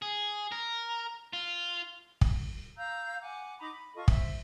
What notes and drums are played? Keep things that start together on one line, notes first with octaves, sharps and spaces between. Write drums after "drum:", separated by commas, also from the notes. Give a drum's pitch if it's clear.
G#4
A#4
F4
drum: kick
F5 A#5 E6 G6
F#5 G#5 D6
D#4 A#5 B5 D6
B5
F4 A4 D#5 C#6
C5 E5, drum: kick